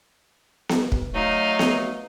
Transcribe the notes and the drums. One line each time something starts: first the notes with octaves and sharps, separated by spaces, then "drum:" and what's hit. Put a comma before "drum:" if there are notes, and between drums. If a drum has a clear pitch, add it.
drum: snare B3
drum: kick
F#3 A3 D#4 F5
drum: snare B3